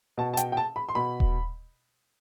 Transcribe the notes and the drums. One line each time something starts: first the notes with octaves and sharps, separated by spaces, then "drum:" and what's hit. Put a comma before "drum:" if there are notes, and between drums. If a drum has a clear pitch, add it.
B2 A5
A5
G5, drum: hi-hat
G5
A5
B5
C6
B2 B5
drum: kick D#1